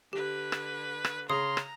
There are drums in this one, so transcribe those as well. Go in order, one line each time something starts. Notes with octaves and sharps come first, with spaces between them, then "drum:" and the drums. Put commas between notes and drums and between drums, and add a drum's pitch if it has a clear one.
D3 G4 B4
drum: rim click
drum: rim click
C#3 A#5 C6 D#6
drum: rim click